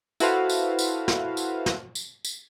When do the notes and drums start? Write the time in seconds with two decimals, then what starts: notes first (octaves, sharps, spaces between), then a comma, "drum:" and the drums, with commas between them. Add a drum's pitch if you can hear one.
0.20 E4 F#4 A4 B4 C5 F5, drum: tambourine
0.50 drum: tambourine
0.79 drum: tambourine
1.08 drum: snare
1.37 drum: tambourine
1.66 drum: snare
1.95 drum: tambourine
2.25 drum: tambourine